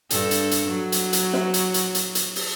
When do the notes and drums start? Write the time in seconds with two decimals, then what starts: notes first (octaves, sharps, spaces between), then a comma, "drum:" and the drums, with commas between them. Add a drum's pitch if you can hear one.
0.10 G2 A4, drum: hi-hat
0.31 drum: hi-hat
0.51 drum: hi-hat
0.68 F#3
0.92 drum: hi-hat
1.13 drum: hi-hat
1.33 drum: snare
1.54 drum: hi-hat
1.74 drum: hi-hat
1.95 drum: hi-hat
2.15 drum: hi-hat
2.36 drum: open hi-hat